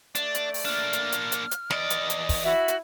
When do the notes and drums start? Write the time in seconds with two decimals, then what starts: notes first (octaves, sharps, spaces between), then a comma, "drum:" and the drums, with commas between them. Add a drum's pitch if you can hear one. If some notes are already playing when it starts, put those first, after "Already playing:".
0.15 A3 D4 D5, drum: hi-hat
0.35 drum: hi-hat
0.54 drum: open hi-hat
0.65 A#3 D4 F6
0.93 drum: hi-hat
1.12 drum: hi-hat
1.32 drum: hi-hat
1.51 drum: hi-hat
1.71 E2 D5 D#5, drum: snare
1.90 drum: hi-hat
2.10 drum: hi-hat
2.29 drum: kick, open hi-hat
2.45 E4 F#4 E5
2.68 drum: hi-hat